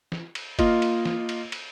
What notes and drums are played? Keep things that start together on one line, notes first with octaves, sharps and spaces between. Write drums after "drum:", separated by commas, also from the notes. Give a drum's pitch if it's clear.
drum: snare
drum: cymbal
A#3 F4 D#5, drum: kick, cymbal
drum: cymbal
drum: snare
drum: cymbal
drum: cymbal